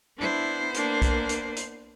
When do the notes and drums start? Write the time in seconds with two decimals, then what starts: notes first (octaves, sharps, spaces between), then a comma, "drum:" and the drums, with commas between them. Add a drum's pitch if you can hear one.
0.18 B3 D4 E4 C5
0.74 A#3 D4, drum: hi-hat
1.02 drum: kick, hi-hat
1.29 drum: hi-hat
1.56 drum: hi-hat